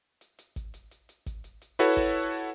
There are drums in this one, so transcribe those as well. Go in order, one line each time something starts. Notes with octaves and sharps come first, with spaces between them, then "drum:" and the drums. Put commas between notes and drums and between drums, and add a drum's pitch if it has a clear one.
drum: hi-hat
drum: hi-hat
drum: kick, hi-hat
drum: hi-hat
drum: hi-hat
drum: hi-hat
drum: kick, hi-hat
drum: hi-hat
drum: hi-hat
E4 F#4 A4 B4 C#5 F#5, drum: hi-hat
drum: kick
drum: hi-hat